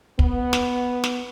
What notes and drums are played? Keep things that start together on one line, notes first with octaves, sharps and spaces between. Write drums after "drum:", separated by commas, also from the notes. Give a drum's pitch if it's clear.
B3, drum: kick
drum: snare
drum: snare